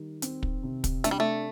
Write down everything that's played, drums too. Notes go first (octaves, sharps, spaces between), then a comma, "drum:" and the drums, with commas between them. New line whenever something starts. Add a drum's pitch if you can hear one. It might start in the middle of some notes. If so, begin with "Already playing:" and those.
Already playing: D#3 G3
C4, drum: hi-hat
drum: kick
C3
drum: kick, hi-hat
A3 D4, drum: hi-hat
G3
A3